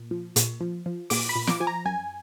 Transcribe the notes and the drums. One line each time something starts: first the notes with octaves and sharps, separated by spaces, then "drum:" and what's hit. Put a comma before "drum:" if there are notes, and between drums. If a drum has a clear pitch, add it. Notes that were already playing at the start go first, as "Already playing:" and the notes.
Already playing: A#2
F3
A#2, drum: hi-hat
F3
F3
A#2 D6, drum: open hi-hat
B5
A#2
D6, drum: snare
F3 G#5
A#5
F#2 G#5